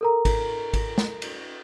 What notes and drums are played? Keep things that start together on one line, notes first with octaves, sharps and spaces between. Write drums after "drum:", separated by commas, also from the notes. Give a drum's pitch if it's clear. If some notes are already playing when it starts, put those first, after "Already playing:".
A4 A#4 A#5
drum: kick G#1, cymbal
drum: kick G#1, cymbal
drum: snare
drum: cymbal